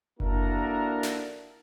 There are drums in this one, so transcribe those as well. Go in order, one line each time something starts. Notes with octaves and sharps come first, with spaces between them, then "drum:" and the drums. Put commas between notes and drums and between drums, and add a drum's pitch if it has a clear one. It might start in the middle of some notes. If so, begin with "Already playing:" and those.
A#3 D4 E4 F#4 A4 A#4, drum: kick F#1
drum: snare